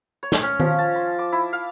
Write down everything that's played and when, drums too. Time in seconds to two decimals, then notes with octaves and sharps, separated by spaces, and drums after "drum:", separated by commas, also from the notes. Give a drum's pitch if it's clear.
0.23 C#5
0.32 drum: snare
0.43 C#4
0.60 F3, drum: tom D#3
0.79 A5
0.96 C6
1.19 D6
1.32 E4
1.53 F5